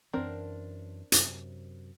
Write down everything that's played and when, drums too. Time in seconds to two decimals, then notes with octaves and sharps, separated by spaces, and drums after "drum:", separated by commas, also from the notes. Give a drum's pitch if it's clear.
0.13 F#2 E3 C4 D4 A#4
1.12 F#2 C3, drum: hi-hat